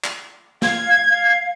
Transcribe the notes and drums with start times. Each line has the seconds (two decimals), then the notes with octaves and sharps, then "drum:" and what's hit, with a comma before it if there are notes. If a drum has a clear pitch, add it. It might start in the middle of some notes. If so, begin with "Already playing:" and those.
0.04 drum: clap
0.62 F5 G#6, drum: snare
1.09 F5